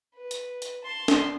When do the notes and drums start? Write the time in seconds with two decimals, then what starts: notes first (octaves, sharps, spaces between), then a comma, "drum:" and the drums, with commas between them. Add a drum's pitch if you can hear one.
0.15 B4
0.31 drum: hi-hat
0.62 drum: hi-hat
0.84 A5 C6
1.08 drum: snare